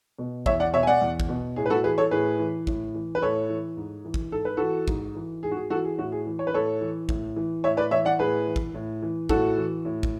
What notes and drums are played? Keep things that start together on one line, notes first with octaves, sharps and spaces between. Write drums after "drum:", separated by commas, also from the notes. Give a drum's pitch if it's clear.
B2
E2 C#5 E5, drum: kick
D5 F#5
B2 C#5 E5
G#5
D5 F#5
E2
drum: kick
B2
A2 G#4
B4
F#4 A4
E3 G#4 B4
A4 C#5
A2 G#4 B4
E3
A2, drum: kick
E3
B4
A2 A4 C#5
E3
G#2
E3
drum: kick
G#2 A4
B4
E3 F#4 A4
G#2, drum: kick
E3
G#2 G#4
F#4
G#4
E3 F#4 A4
G#4
A2 F#4
G#4
E3
C#5
B4
A2 A4 C#5
E3
A2, drum: kick
E3
A2 C#5 E5
B4 D5
E3 C#5 E5
D5 F#5
A2 G#4 B4
E3
drum: kick
A2
E3
A2 F#4 A4, drum: kick
E3
A2
drum: kick